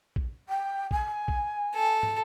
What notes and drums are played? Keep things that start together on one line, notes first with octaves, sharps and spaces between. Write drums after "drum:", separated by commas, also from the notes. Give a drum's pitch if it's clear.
drum: kick A#1
G5
G#5, drum: kick A#1
drum: kick A#1
A4
drum: tom